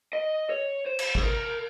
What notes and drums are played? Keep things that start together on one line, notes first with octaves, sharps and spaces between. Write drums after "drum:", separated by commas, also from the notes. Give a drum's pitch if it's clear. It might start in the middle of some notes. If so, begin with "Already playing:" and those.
D#5
C#5
C5
drum: cymbal
G#4, drum: kick G#1
A#4